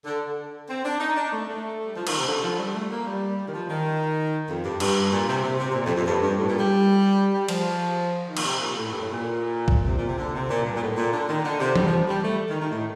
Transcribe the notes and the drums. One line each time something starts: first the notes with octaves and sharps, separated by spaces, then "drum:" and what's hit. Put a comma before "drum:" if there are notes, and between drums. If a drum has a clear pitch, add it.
D3
C4
D4
D#4
D4
A3
A3
G3
F3
D#3, drum: cymbal
C3
D3
F3
G3
A3
A#3
G3
D#3
F3
D#3
F2
G2
G2, drum: cymbal
A#2
C3
C3
C3
C3
A#2
F2
F2
G2
G2
A2
A#2
G3
G3
F3, drum: cymbal
D#3
A#2, drum: cymbal
C3
A#2
A2
G2
A2
A#2
drum: kick
C3
A#2
C3
D3
C3
A#2
G2
A#2
A2
A#2
D3
D#3
D3
C3
G3, drum: tom E3
F3
G3
A3
D#3
D#3
A2